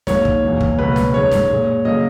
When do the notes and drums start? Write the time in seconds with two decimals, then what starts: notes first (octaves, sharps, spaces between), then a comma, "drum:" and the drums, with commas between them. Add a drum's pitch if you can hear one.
0.07 G#2 F#3 A#3 C#5, drum: snare
0.25 drum: kick
0.43 E2 B2 F#3 A#3
0.61 drum: kick
0.78 C#2 B2 F#3 A#3 B4
0.96 drum: snare
1.14 F#2 D#3 G#3 C#5
1.32 drum: snare
1.49 A#2 G#3
1.84 C#3 F#3 A#3 D#5